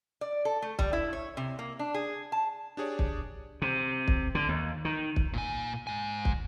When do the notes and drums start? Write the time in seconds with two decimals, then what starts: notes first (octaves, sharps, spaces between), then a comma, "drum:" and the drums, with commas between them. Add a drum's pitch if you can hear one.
0.21 D5
0.45 A4
0.62 A3
0.79 G3, drum: kick
0.93 E4
1.13 C#5
1.37 C3
1.59 A#3
1.79 D4
1.94 G#4
2.32 A5
2.77 D4 G4 G#4 C#5 D5
2.99 drum: kick
3.62 C3
4.08 drum: kick
4.35 D3
4.49 D#2
4.85 D#3
5.16 drum: kick
5.34 A#2 G#5
5.87 G#2 G#5
6.25 drum: kick